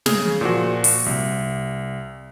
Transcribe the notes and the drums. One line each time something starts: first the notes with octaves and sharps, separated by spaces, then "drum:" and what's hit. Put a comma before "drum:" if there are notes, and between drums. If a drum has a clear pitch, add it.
C#3 G#4, drum: snare
A#2 F3 F#4
drum: open hi-hat
C2